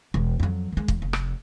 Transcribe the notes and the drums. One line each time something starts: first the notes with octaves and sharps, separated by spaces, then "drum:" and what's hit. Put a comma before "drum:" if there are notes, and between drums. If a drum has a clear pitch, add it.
E1
F2 F#3
D#3 G#3
E2, drum: kick
F1
drum: rim click